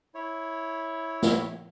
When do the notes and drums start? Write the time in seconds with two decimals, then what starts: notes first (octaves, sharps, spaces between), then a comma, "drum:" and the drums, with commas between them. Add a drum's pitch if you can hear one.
0.15 E4 C#5
1.23 drum: snare A3